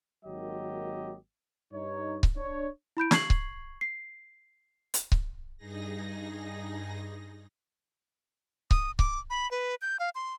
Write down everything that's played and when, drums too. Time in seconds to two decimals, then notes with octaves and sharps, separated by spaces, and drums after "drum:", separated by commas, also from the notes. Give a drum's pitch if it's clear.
0.24 G#1 D#3 F#3 A#3 G4 D#5
1.72 G2 D#4 C#5
2.23 drum: kick C#1
2.37 D4 C#5
2.97 E4 B5 G6 D7
3.11 C#6 G#6 C7 F#7, drum: snare
3.30 drum: kick C#1
3.81 C7
4.94 drum: hi-hat
5.12 drum: kick C#1
5.57 G2 D#4 G#4 A#6
8.71 D#6, drum: kick C#1
8.99 D6, drum: kick C#1
9.30 B5
9.51 B4
9.82 G6
10.00 F5
10.15 C6